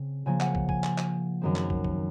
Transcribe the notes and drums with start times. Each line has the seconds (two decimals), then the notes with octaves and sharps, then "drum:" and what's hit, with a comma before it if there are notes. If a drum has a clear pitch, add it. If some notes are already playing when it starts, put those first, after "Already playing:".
Already playing: C#3 C4
0.26 C#3 F3 A#3 G#5
0.40 F#5, drum: clap
0.55 drum: kick
0.69 G#5, drum: kick
0.84 drum: clap
0.98 drum: clap
1.41 F#2 D#3 G#3 C4
1.56 drum: clap
1.70 drum: kick
1.84 drum: kick